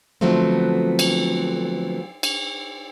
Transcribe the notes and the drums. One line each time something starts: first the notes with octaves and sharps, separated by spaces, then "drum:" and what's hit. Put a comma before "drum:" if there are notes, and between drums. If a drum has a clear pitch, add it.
D3 F3 F#3 A3 B3 C4
drum: cymbal
drum: cymbal